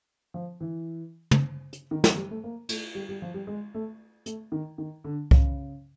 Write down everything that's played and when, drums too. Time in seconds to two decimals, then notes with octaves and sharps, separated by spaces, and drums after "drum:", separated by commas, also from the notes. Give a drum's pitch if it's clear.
0.34 F3
0.61 E3
1.31 drum: tom
1.73 drum: hi-hat
1.91 D#3
2.04 F#3, drum: snare
2.17 G3
2.31 A3
2.44 A#3
2.69 A3, drum: cymbal
2.95 G3
3.09 G3
3.22 F3
3.34 G3
3.47 G#3
3.74 A3
4.26 A3, drum: hi-hat
4.52 D#3
4.78 D#3
5.04 D3
5.31 C#3, drum: kick C2